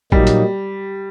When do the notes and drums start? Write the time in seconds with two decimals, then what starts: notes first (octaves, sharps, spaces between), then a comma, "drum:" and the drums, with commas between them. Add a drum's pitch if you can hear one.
0.12 A#2 F#3 G3 A#3 D#4, drum: kick
0.27 drum: hi-hat